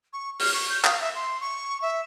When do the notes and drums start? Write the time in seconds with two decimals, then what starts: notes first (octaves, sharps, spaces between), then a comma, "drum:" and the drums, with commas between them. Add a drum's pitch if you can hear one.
0.13 C#6
0.39 F6, drum: open hi-hat
0.53 C#6
0.70 G6
0.85 F5, drum: clap
1.01 E5
1.15 C6
1.41 C#6
1.82 E5